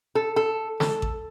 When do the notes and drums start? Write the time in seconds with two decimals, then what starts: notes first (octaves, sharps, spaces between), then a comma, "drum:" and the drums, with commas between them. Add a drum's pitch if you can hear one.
0.15 A4
0.36 A4
0.80 A4, drum: snare
1.02 drum: kick A1